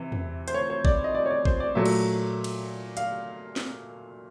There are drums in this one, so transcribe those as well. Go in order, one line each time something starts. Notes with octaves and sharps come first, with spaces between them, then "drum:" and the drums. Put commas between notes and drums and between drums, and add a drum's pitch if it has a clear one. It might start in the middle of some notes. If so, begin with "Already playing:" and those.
Already playing: C3 E3
drum: tom
C5, drum: hi-hat
C#5
C#5
D5, drum: kick A1
D#5
D5
C#5
D5
C5, drum: kick A1
D5
A#2 F#3 A3 E5
drum: cymbal
drum: cymbal
F5, drum: hi-hat
drum: snare